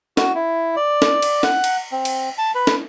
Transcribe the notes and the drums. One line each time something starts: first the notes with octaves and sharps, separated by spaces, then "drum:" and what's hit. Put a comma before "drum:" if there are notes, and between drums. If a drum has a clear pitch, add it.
F#4, drum: snare
E4
D5
drum: snare
drum: cymbal
F#5, drum: snare
drum: cymbal
C4
drum: cymbal
A5
B4
drum: snare